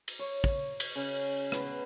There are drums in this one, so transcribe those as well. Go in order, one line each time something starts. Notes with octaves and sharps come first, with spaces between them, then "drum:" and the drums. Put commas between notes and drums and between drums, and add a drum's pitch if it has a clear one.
drum: cymbal
C#5
drum: kick
drum: cymbal
C#3
B3, drum: rim click